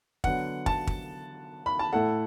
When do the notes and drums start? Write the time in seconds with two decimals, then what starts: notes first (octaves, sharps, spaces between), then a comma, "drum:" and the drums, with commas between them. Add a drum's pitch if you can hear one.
0.24 D3 F#3 B3 F#5, drum: kick
0.66 A5, drum: kick
0.87 drum: kick
1.66 B5
1.79 A5
1.93 A2 A3 E4 A4 F#5